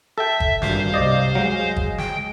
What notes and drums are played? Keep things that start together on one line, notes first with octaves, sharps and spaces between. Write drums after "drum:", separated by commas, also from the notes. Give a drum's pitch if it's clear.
A4 E5 G5
drum: kick
G#1 G2 C5 F5, drum: snare
C2 C3 D5 D#5
F#3 G#3
drum: kick
G5, drum: snare